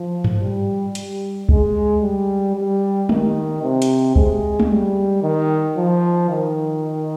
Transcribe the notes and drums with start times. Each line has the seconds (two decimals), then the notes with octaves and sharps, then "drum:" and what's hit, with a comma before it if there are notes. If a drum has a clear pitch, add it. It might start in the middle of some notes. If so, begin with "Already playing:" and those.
Already playing: F3
0.24 drum: tom G2
0.41 G3
0.95 G3, drum: hi-hat
1.49 G#3, drum: kick
2.02 G3
2.55 G3
3.09 D#3, drum: tom G#3
3.62 C3
3.82 drum: hi-hat
4.16 G#3, drum: kick
4.60 drum: tom G#3
4.70 G3
5.23 D#3
5.77 F3
6.30 D#3